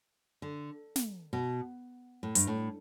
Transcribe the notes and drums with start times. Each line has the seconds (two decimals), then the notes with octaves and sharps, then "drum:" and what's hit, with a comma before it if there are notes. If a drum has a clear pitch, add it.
0.42 D3
0.96 drum: snare
1.33 B2
2.23 A2
2.35 G2, drum: hi-hat
2.47 A2